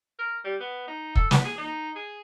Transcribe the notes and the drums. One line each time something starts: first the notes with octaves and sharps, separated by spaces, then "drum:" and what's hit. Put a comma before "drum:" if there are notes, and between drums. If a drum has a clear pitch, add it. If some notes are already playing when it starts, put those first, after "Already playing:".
A#4
G3
B3
D#4
A4, drum: kick
B3, drum: snare
G#4
D#4
G#4